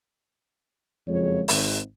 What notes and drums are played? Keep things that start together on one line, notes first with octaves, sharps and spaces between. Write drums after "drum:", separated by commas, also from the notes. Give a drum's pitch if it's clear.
F#1 F2 F3 G#3 C#5
G#1, drum: open hi-hat